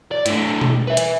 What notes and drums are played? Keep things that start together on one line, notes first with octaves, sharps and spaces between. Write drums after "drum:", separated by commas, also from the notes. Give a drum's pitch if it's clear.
D5
A2 D3, drum: hi-hat
drum: tom B2
B4 E5
drum: hi-hat